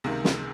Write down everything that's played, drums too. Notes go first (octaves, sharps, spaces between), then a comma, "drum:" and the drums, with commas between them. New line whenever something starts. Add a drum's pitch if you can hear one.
C#2 C3 D#3 A#3
drum: snare